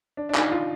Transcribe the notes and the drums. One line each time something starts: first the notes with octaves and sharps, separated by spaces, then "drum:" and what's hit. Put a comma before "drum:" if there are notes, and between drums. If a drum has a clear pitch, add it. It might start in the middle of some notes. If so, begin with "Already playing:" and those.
D4
D4
D#4, drum: clap
F4